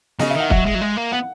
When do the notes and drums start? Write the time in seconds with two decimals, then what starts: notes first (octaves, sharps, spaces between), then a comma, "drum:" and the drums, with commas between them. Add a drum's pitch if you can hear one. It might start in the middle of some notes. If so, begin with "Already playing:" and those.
0.19 C#3 D#5, drum: snare
0.30 E5
0.35 D#3 F#5
0.50 F#3 E5, drum: kick
0.66 G#3
0.75 F#3
0.81 G#3
0.97 A#3
1.12 B3 F#5